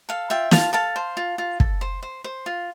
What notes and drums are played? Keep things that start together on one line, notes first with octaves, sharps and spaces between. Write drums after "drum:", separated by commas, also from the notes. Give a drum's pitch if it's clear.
A4 F5
F4 E5 G5
F4 F5 A5, drum: snare
A4 F5 A5
C5
F4
F4
A4, drum: kick
C5
C5
C5
F4